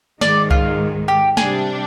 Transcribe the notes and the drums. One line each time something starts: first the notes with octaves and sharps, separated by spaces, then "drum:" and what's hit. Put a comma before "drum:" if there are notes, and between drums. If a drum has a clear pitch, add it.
G#2 D#3 G#3 D5, drum: snare
F4, drum: kick C2
G4
C3 G3 D4 G#4, drum: snare